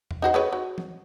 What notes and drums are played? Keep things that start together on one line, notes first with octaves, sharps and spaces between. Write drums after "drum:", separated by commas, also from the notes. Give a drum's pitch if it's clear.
drum: tom E2
D#4 F#4 C5
G#4 B4 C#5
F#4
drum: tom